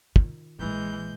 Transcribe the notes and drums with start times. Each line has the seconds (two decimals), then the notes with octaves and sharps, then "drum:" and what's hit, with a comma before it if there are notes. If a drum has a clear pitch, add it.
0.16 D#3 F4, drum: kick
0.59 A#1 A#2 E3 G#3 G6